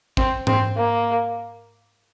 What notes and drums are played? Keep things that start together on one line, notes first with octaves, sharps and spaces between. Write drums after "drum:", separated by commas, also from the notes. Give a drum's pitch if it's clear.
C4, drum: kick
C4, drum: tom G#2
A#3